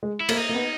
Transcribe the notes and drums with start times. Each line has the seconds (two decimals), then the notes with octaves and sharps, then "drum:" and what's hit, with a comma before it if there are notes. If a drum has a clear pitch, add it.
0.03 G#3
0.20 E4
0.29 A#3, drum: cymbal
0.37 D#4
0.49 A#3
0.54 B3